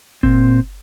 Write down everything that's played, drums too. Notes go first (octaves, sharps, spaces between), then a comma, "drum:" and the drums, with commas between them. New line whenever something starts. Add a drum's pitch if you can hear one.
A#2 C4, drum: kick G1